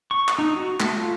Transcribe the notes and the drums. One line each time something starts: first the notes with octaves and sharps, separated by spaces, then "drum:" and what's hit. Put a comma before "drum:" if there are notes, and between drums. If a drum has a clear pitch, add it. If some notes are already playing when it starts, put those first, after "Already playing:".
C#6
drum: clap
D#4
F#4
A3, drum: clap
F4